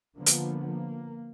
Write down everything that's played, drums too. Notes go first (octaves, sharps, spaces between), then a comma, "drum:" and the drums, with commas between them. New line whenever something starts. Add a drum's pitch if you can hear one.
D3 F3 A#3 B3
drum: hi-hat
A#3